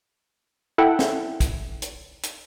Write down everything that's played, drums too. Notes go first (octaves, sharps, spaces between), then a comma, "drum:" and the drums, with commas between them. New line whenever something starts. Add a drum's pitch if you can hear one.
E4 A4 E5 F#5 G5
drum: snare
drum: kick, hi-hat
drum: hi-hat
drum: hi-hat